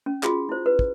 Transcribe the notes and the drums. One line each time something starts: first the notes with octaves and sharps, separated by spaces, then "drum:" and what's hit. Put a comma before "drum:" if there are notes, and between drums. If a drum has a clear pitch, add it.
C#4
F4 F#4 G#4, drum: clap
E4 C5
B4
drum: kick